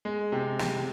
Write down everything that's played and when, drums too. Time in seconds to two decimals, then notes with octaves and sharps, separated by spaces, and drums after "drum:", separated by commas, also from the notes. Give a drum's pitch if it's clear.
0.05 G#3
0.32 C3
0.59 C3, drum: snare